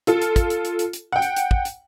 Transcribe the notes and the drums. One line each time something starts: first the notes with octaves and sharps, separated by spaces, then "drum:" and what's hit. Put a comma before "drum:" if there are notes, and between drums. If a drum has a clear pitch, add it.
F4 A4, drum: hi-hat
drum: hi-hat
drum: kick, hi-hat
drum: hi-hat
drum: hi-hat
drum: hi-hat
drum: hi-hat
F#5 G5
drum: hi-hat
drum: hi-hat
drum: kick
drum: hi-hat